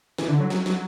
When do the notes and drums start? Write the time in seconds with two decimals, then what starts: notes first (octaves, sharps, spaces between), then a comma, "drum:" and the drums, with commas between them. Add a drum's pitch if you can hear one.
0.18 E3, drum: snare
0.28 D3
0.40 F#3
0.50 F#3, drum: snare
0.66 F#3, drum: snare